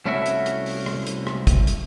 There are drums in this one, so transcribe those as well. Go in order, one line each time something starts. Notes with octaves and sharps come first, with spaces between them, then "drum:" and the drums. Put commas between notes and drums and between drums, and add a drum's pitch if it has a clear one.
C2 A3 C#4 E4 F#4 E5
drum: hi-hat
drum: hi-hat
drum: open hi-hat
drum: rim click
drum: hi-hat
drum: rim click
drum: kick, hi-hat
drum: hi-hat